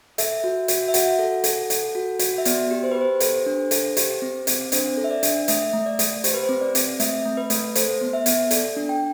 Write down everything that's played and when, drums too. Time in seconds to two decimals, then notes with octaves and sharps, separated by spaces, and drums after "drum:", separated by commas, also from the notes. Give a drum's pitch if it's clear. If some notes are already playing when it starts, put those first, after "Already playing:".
0.18 A4 E5, drum: hi-hat
0.44 F#4
0.68 F#4, drum: hi-hat
0.88 E5
0.94 F#4 F#5, drum: hi-hat
1.19 A4
1.44 A4, drum: hi-hat
1.70 A4, drum: hi-hat
1.95 F#4
2.19 F#4, drum: hi-hat
2.38 E5
2.45 B3 D5, drum: hi-hat
2.71 G4
2.83 C5
2.91 B4
2.96 G4
3.01 C5
3.20 A4 C5, drum: hi-hat
3.46 D4
3.71 A4, drum: hi-hat
3.97 G4, drum: hi-hat
4.22 C4
4.47 C4, drum: hi-hat
4.72 D4 C5, drum: hi-hat
4.97 A4
5.04 E5
5.10 D5
5.23 D4, drum: hi-hat
5.48 A3 E5, drum: hi-hat
5.73 A3
5.86 D5
5.99 A3, drum: hi-hat
6.24 G4 C5, drum: hi-hat
6.34 B4
6.43 C5
6.49 C4
6.61 D5
6.75 C4, drum: hi-hat
7.00 A3 E5, drum: hi-hat
7.26 A3
7.37 B4
7.50 A3, drum: hi-hat
7.75 A4 C5, drum: hi-hat
8.01 B3
8.13 E5
8.26 B3, drum: hi-hat
8.51 A4 D5, drum: hi-hat
8.77 D4
8.89 G5